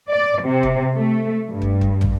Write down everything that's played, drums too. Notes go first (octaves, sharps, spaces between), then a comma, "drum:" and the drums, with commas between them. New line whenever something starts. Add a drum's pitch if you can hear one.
D5
C3
drum: kick
A3
G2
drum: kick
drum: kick
drum: tom